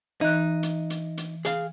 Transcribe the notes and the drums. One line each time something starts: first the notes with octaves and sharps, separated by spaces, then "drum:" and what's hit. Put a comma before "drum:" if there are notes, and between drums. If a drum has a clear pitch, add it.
E3 D#4 F#6
drum: hi-hat
drum: hi-hat
drum: hi-hat
G#4 F5, drum: hi-hat